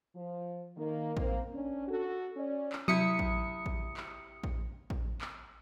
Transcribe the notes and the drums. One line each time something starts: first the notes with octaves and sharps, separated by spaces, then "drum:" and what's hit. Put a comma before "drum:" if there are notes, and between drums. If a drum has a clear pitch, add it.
F3
D#3 A#3
A#3 C4, drum: kick A1
C#4 D4
F#4 A4
C#4 D5
drum: clap
C3 F#3 E4 D#6 C#7
drum: kick A1
drum: kick A1
drum: clap
drum: kick A1
drum: kick A1
drum: clap